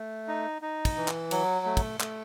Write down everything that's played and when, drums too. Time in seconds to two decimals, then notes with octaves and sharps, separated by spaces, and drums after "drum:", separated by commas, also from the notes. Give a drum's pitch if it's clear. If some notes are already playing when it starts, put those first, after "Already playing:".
Already playing: A3
0.28 D#4
0.62 D#4
0.85 drum: kick, cymbal
0.97 E3
1.08 drum: clap
1.31 F#3, drum: cymbal
1.66 A3
1.77 drum: kick, cymbal
2.00 A3, drum: clap